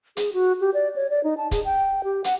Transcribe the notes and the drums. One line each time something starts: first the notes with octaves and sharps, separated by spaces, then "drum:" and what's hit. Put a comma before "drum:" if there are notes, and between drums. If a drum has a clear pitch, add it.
G#4, drum: hi-hat
F#4
G4
D5
C#5
D5
D#4
A5
G#4, drum: kick, hi-hat
G5
G4
F#5, drum: hi-hat